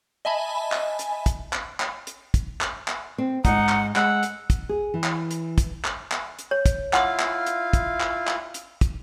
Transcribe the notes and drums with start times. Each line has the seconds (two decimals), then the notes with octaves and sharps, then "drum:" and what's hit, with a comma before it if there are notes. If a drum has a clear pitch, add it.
0.25 D#5 E5 G#5 A5 B5
0.72 drum: clap
0.99 drum: hi-hat
1.26 drum: kick, hi-hat
1.53 drum: clap
1.80 drum: clap
2.07 drum: hi-hat
2.34 drum: kick, hi-hat
2.61 drum: clap
2.88 drum: clap
3.18 C4
3.45 D#2 G#2 D#4 F#5, drum: kick, hi-hat
3.69 drum: clap
3.96 G#3 F#5 E6, drum: clap
4.23 drum: hi-hat
4.50 drum: kick, hi-hat
4.69 G#4
4.94 E3
5.04 drum: clap
5.31 drum: hi-hat
5.58 drum: kick, hi-hat
5.85 drum: clap
6.12 drum: clap
6.39 drum: hi-hat
6.51 C#5
6.66 drum: kick, hi-hat
6.93 E4 F4 F5 F#5 C6 D#6, drum: clap
7.20 drum: clap
7.46 drum: hi-hat
7.73 drum: kick, hi-hat
8.00 drum: clap
8.27 drum: clap
8.54 drum: hi-hat
8.81 drum: kick, hi-hat